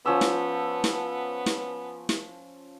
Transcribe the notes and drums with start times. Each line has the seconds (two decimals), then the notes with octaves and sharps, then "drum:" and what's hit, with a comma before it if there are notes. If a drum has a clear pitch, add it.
0.06 F3 B3 C#4 E6
0.21 drum: snare
0.84 drum: snare
1.46 drum: snare
2.09 drum: snare